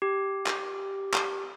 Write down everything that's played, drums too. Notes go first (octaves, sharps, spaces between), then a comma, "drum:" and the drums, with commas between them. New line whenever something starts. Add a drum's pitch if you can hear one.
G4
drum: clap
drum: clap